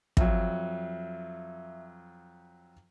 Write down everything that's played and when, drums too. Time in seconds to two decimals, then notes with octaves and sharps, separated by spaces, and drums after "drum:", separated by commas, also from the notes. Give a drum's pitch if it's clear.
0.17 F2 F#3 E5, drum: kick